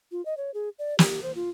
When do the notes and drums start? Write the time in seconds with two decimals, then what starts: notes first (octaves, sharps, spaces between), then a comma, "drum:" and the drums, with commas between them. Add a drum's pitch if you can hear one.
0.12 F4
0.25 D#5
0.37 C#5
0.54 G#4
0.79 D5
0.99 G4, drum: snare
1.23 C5
1.35 F4